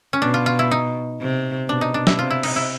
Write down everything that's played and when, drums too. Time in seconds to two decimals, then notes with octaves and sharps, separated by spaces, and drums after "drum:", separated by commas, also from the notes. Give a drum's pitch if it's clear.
0.13 C#4
0.22 B2 D4
0.34 F4
0.46 F4
0.59 E4
0.71 D#4
1.21 C3
1.69 B2 D4
1.81 D#4
1.94 D4
2.07 E4, drum: snare
2.18 C3 F4
2.30 E4
2.43 D#4, drum: cymbal
2.56 E4